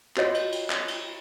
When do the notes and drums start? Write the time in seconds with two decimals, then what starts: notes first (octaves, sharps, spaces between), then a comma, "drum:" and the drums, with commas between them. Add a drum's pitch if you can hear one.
0.17 F4 F#4 C#5 D#5, drum: clap
0.34 drum: cymbal
0.52 drum: cymbal
0.70 drum: clap
0.88 drum: cymbal